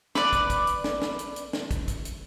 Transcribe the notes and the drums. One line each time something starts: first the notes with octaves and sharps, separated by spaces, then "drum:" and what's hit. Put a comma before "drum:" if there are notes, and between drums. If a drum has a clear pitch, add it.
B4 D5, drum: snare
drum: kick, hi-hat
drum: kick, hi-hat
drum: hi-hat
drum: snare
drum: snare
drum: hi-hat
drum: hi-hat
drum: snare
drum: kick, hi-hat
drum: kick, hi-hat
drum: hi-hat